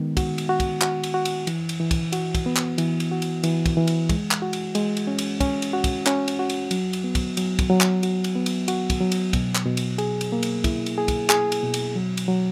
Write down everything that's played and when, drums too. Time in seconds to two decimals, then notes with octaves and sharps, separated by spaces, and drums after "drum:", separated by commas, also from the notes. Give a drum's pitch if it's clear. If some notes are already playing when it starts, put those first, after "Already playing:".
Already playing: D#3 G#3 B3
0.17 F#4, drum: kick, cymbal
0.38 drum: cymbal
0.49 F#4
0.60 drum: kick, cymbal
0.81 F#4, drum: clap
1.04 drum: cymbal
1.14 F#4
1.25 drum: cymbal
1.47 E3, drum: cymbal
1.69 drum: cymbal
1.80 E3
1.91 drum: kick, cymbal
2.12 F#4, drum: cymbal
2.35 drum: kick, cymbal
2.46 B3
2.56 drum: clap
2.78 E3, drum: cymbal
3.00 drum: cymbal
3.11 F#4
3.22 drum: cymbal
3.43 E3, drum: cymbal
3.66 drum: kick, cymbal
3.77 E3
3.87 drum: cymbal
4.09 G#3, drum: kick, cymbal
4.31 drum: clap
4.42 F#4
4.53 drum: cymbal
4.75 G#3, drum: cymbal
4.97 drum: cymbal
5.07 C#4
5.18 drum: cymbal
5.40 C#4, drum: kick, cymbal
5.62 drum: cymbal
5.73 F#4
5.84 drum: kick, cymbal
6.06 C#4, drum: clap
6.28 drum: cymbal
6.39 F#4
6.50 drum: cymbal
6.71 F#3, drum: cymbal
6.93 drum: cymbal
7.04 B3
7.15 drum: kick, cymbal
7.37 F#3, drum: cymbal
7.59 drum: kick, cymbal
7.70 F#3
7.81 drum: clap
8.03 F#4, drum: cymbal
8.24 drum: cymbal
8.35 B3
8.46 drum: cymbal
8.68 F#4, drum: cymbal
8.90 drum: kick, cymbal
9.00 F#3
9.12 drum: cymbal
9.33 B2, drum: kick, cymbal
9.55 drum: clap
9.66 B2
9.77 drum: cymbal
9.98 G#4, drum: cymbal
10.21 drum: cymbal
10.32 A#3
10.43 drum: cymbal
10.64 E4, drum: kick, cymbal
10.86 drum: cymbal
10.98 G#4
11.08 drum: kick, cymbal
11.30 G#4, drum: clap
11.52 drum: cymbal
11.63 B2
11.74 drum: cymbal
11.96 F#3
12.17 drum: cymbal
12.28 F#3